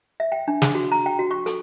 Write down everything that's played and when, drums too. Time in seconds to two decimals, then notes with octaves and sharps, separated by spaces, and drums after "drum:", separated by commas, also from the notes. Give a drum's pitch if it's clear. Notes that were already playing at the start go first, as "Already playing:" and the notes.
0.20 E5
0.32 G5
0.48 D4
0.62 G#4, drum: snare
0.75 F#4
0.92 A#5
1.06 G5
1.19 F#4
1.31 C#6
1.46 A4, drum: hi-hat